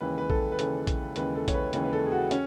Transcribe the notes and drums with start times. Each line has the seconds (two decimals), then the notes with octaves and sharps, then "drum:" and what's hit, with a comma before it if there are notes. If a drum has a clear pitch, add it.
0.01 D#2 C#3 E3 G#3 B4
0.18 B4
0.30 A4, drum: kick A#1
0.52 B4
0.59 D#2 C#3 E3 G#3 A4, drum: hi-hat
0.87 drum: kick A#1, hi-hat
1.16 D#2 C#3 E3 G#3 B4, drum: hi-hat
1.35 A4
1.48 C#5, drum: kick A#1, hi-hat
1.54 B4
1.73 D#2 C#3 E3 G#3 B4, drum: hi-hat
1.85 B4
1.93 A4
2.06 G#4
2.12 F#4
2.31 C#4, drum: hi-hat